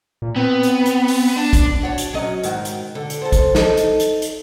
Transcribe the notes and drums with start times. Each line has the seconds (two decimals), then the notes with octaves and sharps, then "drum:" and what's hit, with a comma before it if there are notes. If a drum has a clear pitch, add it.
0.22 A#2
0.36 B3 C4
0.63 drum: hi-hat
0.86 drum: hi-hat
1.08 drum: open hi-hat
1.36 D4
1.53 drum: kick, hi-hat
1.82 D4 F#4 C#5
1.98 drum: hi-hat
2.13 F#3 C#4 D#5
2.43 G#2 D#3 F#4, drum: hi-hat
2.65 drum: hi-hat
2.95 D3
3.10 drum: hi-hat
3.22 C4 A4
3.32 drum: kick, hi-hat
3.55 D#4 A4 D#5, drum: snare
3.77 drum: hi-hat
4.00 drum: hi-hat
4.22 drum: hi-hat